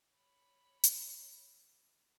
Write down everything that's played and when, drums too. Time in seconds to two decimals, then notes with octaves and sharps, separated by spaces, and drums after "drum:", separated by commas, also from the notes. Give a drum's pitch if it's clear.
0.13 C#5 B5
0.84 drum: hi-hat